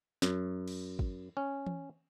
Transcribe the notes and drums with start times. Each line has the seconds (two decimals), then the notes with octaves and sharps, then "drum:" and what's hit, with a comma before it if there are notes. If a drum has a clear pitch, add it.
0.22 F#2, drum: snare
0.68 drum: cymbal
0.99 drum: kick
1.37 C#4
1.67 drum: tom E3